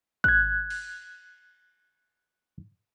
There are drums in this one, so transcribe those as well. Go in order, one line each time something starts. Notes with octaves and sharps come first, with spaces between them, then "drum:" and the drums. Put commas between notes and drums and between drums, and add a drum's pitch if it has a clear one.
F#6 G#6, drum: kick
drum: cymbal